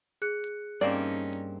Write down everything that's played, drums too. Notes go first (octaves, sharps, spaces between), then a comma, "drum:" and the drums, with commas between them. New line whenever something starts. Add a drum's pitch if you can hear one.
G#4 F#6 C#7
drum: hi-hat
G2 A#3 C4 C#4 D#4 D5
drum: hi-hat